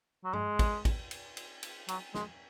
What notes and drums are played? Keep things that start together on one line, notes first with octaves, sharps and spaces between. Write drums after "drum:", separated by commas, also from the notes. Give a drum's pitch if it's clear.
F#3
G#3, drum: tom G2
drum: kick, cymbal
drum: kick, cymbal
drum: cymbal
drum: cymbal
drum: cymbal
F#3, drum: cymbal
G#3, drum: snare